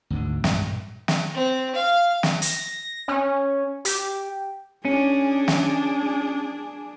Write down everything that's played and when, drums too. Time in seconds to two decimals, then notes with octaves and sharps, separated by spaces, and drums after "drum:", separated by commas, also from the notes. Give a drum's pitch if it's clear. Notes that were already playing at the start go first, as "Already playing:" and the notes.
0.10 D2 G#2 D3
0.44 B1 G2 G3 G#3, drum: snare
0.63 A#2
1.08 drum: snare
1.34 C4
1.75 F5
2.23 drum: snare
2.42 A#6, drum: hi-hat
3.08 C#4
3.85 G4, drum: hi-hat
4.85 C#4 D4 G#4
5.48 drum: snare